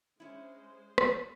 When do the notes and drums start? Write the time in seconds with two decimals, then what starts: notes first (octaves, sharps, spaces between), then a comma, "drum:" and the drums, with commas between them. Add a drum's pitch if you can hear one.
0.20 G#3 C#4 E4 C5
0.98 drum: rim click